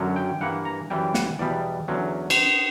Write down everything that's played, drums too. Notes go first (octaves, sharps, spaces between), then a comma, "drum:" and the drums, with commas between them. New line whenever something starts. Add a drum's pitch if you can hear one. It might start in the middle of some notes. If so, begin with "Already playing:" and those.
Already playing: F#2 D3 F#3 C#4
G5
G2 E3 A#3 F#5
A#5
F#2 E3 G3 G5
F#5, drum: snare
E2 B2 G3 B3 D5
E2 D3 F#3 C#4
drum: cymbal